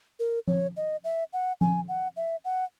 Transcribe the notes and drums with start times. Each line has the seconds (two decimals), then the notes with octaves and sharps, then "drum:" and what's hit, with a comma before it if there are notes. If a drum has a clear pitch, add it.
0.20 A#4
0.48 C#5, drum: tom F3
0.77 D#5
1.04 E5
1.33 F#5
1.61 G#5, drum: tom F3
1.88 F#5
2.17 E5
2.45 F#5